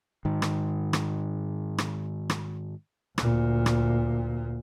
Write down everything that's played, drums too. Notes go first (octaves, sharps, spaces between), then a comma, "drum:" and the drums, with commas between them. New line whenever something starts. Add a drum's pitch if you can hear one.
G#2 D#3
drum: rim click
drum: rim click
drum: rim click
drum: rim click
D2 A#2, drum: rim click
drum: rim click